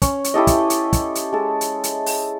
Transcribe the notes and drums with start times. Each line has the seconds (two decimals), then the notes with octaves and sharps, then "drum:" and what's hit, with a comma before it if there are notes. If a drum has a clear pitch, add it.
0.02 C#4, drum: kick, hi-hat
0.24 drum: hi-hat
0.34 E4 G4 A4 D#5
0.47 drum: kick, hi-hat
0.70 drum: hi-hat
0.93 drum: kick, hi-hat
1.15 drum: hi-hat
1.33 G#3 A4
1.61 drum: hi-hat
1.84 drum: hi-hat
2.06 drum: open hi-hat